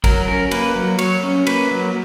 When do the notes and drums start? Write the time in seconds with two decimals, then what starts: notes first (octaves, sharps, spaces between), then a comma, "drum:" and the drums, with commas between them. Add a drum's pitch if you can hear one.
0.04 F#3 A#4, drum: kick, cymbal
0.28 C#4 A#4
0.51 A#3 B4, drum: cymbal
0.75 F#3
0.99 F#3 C#5, drum: cymbal
1.23 C#4
1.47 A#3 B4, drum: cymbal
1.71 F#3